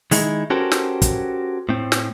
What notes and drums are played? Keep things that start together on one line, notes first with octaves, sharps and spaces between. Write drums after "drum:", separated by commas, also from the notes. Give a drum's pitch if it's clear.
D#3 G#3 D#4 E4, drum: open hi-hat
C#4 F#4 G4 A4 A#4 C5
drum: snare
drum: kick, hi-hat
A2 C4
drum: snare